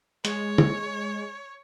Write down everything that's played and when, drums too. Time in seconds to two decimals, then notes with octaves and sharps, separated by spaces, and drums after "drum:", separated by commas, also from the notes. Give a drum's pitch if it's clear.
0.25 G#3 C#5, drum: hi-hat
0.58 drum: tom